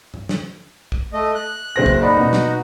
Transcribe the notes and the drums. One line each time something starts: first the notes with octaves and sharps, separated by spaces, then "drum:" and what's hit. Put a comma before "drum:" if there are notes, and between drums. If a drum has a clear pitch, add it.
drum: tom F#2
drum: snare
drum: kick
A3 D#5
F#6
F#1 C5 A#6
drum: kick
D#4 F#4 D5 B5
B2 B3
drum: snare